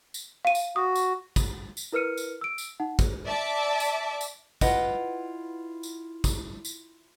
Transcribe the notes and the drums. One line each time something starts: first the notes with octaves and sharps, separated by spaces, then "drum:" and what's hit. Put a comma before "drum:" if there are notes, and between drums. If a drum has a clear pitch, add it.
drum: tambourine
F5 D#7
drum: tambourine
F#4 D#6
drum: tambourine
drum: kick, tambourine
drum: tambourine
E4 A#4 B4 F6 C#7 D#7
drum: tambourine
E6 D7
drum: tambourine
D#4 F#5
drum: kick, tambourine
D5 E5 A5 D6
drum: tambourine
drum: tambourine
E4 F4 B4 D#5 F#5, drum: kick, tambourine
drum: tambourine
drum: kick, tambourine
drum: tambourine